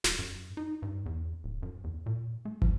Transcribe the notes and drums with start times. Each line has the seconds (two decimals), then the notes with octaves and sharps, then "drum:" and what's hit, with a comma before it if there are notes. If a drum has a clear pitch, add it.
0.04 E1, drum: snare
0.19 F#2
0.57 D#4
0.82 G2
1.06 E2
1.44 D1
1.63 F#2
1.84 E2
2.06 A#2
2.45 A3
2.62 F3, drum: kick